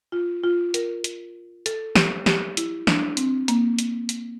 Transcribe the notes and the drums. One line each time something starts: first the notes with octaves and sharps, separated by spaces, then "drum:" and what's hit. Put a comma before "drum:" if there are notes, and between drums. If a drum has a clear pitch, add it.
F4
F4
A#4, drum: hi-hat
drum: hi-hat
A4, drum: hi-hat
G4, drum: snare
G4, drum: snare
E4, drum: hi-hat
D4, drum: snare
C4, drum: hi-hat
A#3, drum: hi-hat
drum: hi-hat
drum: hi-hat